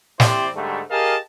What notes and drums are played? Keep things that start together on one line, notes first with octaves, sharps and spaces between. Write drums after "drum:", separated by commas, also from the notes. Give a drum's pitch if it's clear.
C4 E4 G4 C5 D5, drum: snare
G#2 D3 G3 A3
G4 G#4 A#4 D#5 F5 A5